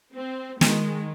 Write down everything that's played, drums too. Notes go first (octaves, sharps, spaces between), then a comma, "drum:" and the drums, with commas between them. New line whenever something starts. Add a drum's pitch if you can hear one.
C4
D#3 G#3, drum: snare